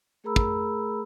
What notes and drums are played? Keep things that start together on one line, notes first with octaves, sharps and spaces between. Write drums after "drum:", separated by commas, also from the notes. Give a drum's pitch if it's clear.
A3 G#4 A#4 A#5 B5 E6
drum: kick